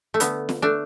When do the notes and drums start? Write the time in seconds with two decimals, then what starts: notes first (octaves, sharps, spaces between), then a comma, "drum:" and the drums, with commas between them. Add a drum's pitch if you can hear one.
0.14 A3
0.20 D3 B3, drum: hi-hat
0.49 drum: snare
0.62 A3 D4